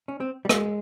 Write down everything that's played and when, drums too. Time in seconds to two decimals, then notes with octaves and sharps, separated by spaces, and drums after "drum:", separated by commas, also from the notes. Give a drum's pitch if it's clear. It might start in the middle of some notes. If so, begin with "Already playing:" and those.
0.08 C#4
0.20 C4
0.45 G3
0.49 G#3, drum: rim click